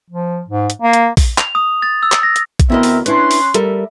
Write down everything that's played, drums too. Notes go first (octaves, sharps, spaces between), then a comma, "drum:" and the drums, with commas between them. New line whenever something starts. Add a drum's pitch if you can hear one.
F3
G#2
drum: hi-hat
A#3
drum: hi-hat
drum: kick A#1, open hi-hat
F7, drum: clap
D#6
A6
E6
drum: clap
A#6
drum: hi-hat
drum: kick A#1, hi-hat
D2 B3 C4 E4 A#4 D#5 E5
drum: open hi-hat
C#4 D4 E4 B4 C6 F#6, drum: hi-hat
drum: open hi-hat
G3 A4 A#4 E5, drum: hi-hat